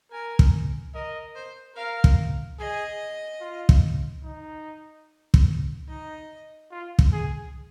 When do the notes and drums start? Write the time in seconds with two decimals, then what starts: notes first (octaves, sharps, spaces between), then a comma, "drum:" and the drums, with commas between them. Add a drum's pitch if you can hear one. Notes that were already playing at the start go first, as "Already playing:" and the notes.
0.11 A#4 G#5
0.39 drum: kick
0.94 A#4 D#5
1.35 C5
1.76 A#4 F5
2.04 drum: kick
2.59 G#4 D#5
3.41 F4
3.69 drum: kick
4.24 D#4
5.34 drum: kick
5.88 D#4 D#5
6.71 F4
6.99 drum: kick
7.12 G#4